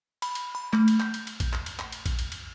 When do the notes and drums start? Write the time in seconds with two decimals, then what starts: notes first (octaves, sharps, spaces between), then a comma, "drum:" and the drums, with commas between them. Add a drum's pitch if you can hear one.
0.22 B5, drum: cymbal
0.35 drum: cymbal
0.55 B5
0.73 A3, drum: clap
0.88 drum: cymbal
1.00 G6, drum: clap
1.14 drum: cymbal
1.27 drum: cymbal
1.40 drum: kick A#1, cymbal
1.53 drum: clap
1.66 drum: cymbal
1.79 drum: clap
1.92 drum: cymbal
2.06 drum: kick A#1, cymbal
2.19 drum: cymbal
2.32 drum: cymbal